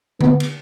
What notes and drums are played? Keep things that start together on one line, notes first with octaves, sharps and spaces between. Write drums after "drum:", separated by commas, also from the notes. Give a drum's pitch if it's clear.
B3, drum: tom D3
drum: cymbal